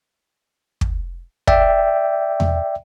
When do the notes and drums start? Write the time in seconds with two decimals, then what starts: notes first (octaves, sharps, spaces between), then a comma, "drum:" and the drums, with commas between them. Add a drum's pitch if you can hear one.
0.81 drum: kick
1.47 D5 E5 G5, drum: kick
2.40 drum: tom E2